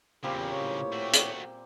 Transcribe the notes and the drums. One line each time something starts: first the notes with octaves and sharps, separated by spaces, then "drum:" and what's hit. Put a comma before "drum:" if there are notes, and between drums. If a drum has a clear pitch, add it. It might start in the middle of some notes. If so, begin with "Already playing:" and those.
E2 A#2 C#3 G3 A#3 C4 F4 G4
A2 G4 C#5
A3 F#4
drum: hi-hat